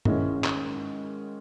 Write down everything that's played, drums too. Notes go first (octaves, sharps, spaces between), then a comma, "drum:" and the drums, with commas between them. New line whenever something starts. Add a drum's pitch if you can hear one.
G#2 D#3 G#3 C#4 E4, drum: tom G2
drum: clap